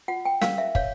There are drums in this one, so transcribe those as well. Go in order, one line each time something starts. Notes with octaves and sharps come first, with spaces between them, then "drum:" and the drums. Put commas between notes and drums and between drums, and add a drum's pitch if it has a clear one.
F4 F#5
G5
A#4 F5, drum: snare
E5
C#5 F5, drum: kick